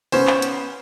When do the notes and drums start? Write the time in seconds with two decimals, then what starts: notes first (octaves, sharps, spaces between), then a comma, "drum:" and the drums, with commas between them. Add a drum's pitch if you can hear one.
0.12 B3 C#4 C5, drum: open hi-hat
0.27 drum: clap
0.42 drum: hi-hat